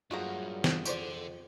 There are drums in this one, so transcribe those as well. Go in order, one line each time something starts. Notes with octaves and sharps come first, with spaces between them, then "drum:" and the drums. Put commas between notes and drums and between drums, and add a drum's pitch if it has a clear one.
G2 F#3 A3 A#3 F4 G#4 F#5 A#5
drum: snare
F2 D3 G4 C5 D5, drum: tambourine